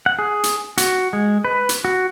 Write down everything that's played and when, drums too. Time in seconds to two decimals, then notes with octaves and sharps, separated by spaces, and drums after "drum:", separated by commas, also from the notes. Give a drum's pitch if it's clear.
0.06 F#5
0.19 G#4
0.43 drum: hi-hat
0.78 F#4, drum: hi-hat
1.13 G#3
1.45 B4
1.69 drum: hi-hat
1.85 F#4